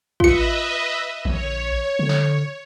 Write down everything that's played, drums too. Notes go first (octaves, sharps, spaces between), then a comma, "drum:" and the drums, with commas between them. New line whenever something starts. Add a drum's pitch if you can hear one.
F4 B4 D#5 E5 C#7, drum: kick
A#1 C#5, drum: tom D3
D3
drum: snare